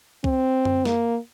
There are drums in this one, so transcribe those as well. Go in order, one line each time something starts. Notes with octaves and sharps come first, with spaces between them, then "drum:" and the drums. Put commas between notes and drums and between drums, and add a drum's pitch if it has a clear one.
C4, drum: kick C2
drum: tom F#2
A#3, drum: snare